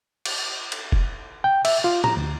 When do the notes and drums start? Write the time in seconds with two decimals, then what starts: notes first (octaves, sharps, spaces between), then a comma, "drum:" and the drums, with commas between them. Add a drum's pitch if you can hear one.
0.25 drum: cymbal
0.72 drum: cymbal
0.92 drum: kick E1
1.44 G5
1.65 E5, drum: cymbal
1.84 F4
2.04 A#5, drum: tom A2
2.17 D2